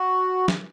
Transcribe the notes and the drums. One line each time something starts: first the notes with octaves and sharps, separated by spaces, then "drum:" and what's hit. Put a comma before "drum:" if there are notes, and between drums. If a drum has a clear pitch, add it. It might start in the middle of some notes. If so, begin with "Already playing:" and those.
Already playing: F#4
drum: snare